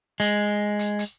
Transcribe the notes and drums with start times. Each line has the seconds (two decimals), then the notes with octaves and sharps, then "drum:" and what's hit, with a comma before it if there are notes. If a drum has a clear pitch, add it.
0.20 G#3, drum: hi-hat
0.79 drum: hi-hat
0.99 drum: hi-hat